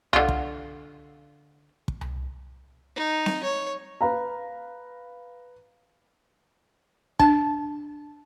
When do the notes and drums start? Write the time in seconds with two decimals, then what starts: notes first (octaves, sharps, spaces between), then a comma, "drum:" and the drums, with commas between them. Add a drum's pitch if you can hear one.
0.13 D3 F4, drum: tom C2
0.29 drum: kick
1.88 drum: kick
2.01 drum: tom C2
2.96 D#4
3.26 drum: snare C4
3.43 C#5
4.01 B4 F5 A#5
7.19 D4 A5, drum: kick